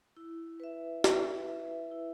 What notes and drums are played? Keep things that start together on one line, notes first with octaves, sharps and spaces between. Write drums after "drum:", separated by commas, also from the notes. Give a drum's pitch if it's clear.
E4
B4 E5
E4, drum: snare
B4 E5
E4